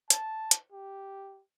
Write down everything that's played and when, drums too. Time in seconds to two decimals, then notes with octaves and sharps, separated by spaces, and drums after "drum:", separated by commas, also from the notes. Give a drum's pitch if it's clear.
0.10 A5, drum: hi-hat
0.51 drum: hi-hat
0.72 G4